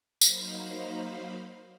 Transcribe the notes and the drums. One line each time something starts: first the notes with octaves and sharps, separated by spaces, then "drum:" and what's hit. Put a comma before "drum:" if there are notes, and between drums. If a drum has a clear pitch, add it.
F#3 A#3 D#4 C5 F5 B5, drum: tambourine